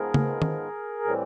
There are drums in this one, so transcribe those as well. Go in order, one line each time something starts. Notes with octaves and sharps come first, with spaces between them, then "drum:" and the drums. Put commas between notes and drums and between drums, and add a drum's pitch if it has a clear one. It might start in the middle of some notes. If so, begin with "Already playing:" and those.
Already playing: G#2 F3 G#3 B3 G#4 A#4
drum: tom C#3
drum: tom D#3
A2 E3 G3 C4